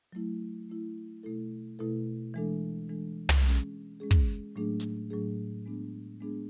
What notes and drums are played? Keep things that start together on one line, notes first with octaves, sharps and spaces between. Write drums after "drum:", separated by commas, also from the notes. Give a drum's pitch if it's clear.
F#3 A3 E4
F#3 A3 E4
B2 A3 E4 A4
B2 A3 E4 A4
E3 G#3 D4 A4
E3 G#3 D4 A4
drum: tom
G#3 C#4 G#4
G#3 C#4 G#4
drum: kick
A2 F#3 A3 D4 G#4
drum: hi-hat
A2 F#3 A3 D4 G#4
G#3 B3 D4 G#4
G#3 B3 D4 G#4